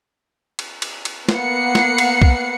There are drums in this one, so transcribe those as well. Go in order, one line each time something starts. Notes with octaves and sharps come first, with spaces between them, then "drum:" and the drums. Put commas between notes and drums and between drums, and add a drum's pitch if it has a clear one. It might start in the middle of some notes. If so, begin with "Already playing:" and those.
drum: cymbal
drum: cymbal
drum: cymbal
A#3 B3 F#5 C7 C#7, drum: snare
drum: snare
drum: cymbal
drum: kick B1